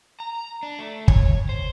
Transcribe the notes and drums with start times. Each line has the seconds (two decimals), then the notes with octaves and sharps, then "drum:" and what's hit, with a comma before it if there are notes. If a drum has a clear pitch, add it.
0.20 A#5
0.63 D4
0.79 A3
1.08 C#5, drum: kick
1.49 C5